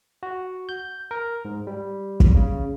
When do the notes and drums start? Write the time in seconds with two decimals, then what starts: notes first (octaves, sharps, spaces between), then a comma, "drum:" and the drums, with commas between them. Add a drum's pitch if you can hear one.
0.23 F#4
0.69 G6
1.11 A#4
1.45 G#2
1.67 G3
2.20 drum: kick
2.35 C#3